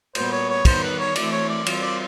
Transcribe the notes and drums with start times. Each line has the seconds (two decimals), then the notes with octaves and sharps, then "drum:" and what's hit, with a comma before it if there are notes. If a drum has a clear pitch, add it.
0.15 A#2 G3 B3 C5, drum: cymbal
0.32 C#5
0.50 C#5
0.65 D#3 G3 B3 C5, drum: kick, cymbal
0.83 B4
0.99 C#5
1.16 E3 A3 C4 E4 D5, drum: cymbal
1.32 C#5
1.49 D5
1.66 G3 C4 F4, drum: cymbal
1.82 D5